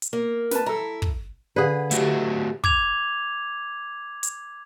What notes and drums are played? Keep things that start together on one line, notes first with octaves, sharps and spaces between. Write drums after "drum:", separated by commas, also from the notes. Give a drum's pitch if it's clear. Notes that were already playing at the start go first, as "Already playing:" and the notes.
drum: hi-hat
A#3
B4 A5, drum: snare
E4 A4 A#5
drum: kick
D3 G#4 B4 D5 F5 F#5
F#3 A3 G4 F#5, drum: hi-hat
D6 G#6 F7, drum: kick
drum: hi-hat